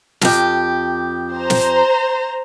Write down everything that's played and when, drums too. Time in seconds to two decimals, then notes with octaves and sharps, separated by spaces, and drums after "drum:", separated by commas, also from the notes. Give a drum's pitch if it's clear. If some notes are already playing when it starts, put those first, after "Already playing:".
0.21 F2 G4, drum: snare
1.34 C5 A#5
1.50 drum: snare